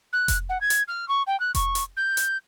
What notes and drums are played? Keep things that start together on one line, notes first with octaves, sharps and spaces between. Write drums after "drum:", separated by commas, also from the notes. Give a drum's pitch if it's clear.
F#6
drum: kick F1, hi-hat
F#5
G#6
drum: hi-hat
F6
C#6
G5
F#6
C#6, drum: kick F1, hi-hat
drum: hi-hat
G6
drum: hi-hat